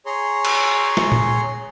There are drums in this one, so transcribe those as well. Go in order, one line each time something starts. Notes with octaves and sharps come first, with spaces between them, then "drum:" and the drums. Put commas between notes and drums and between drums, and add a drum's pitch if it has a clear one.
G#4 C#5 A#5 C6
drum: cymbal
drum: snare
drum: tom A#2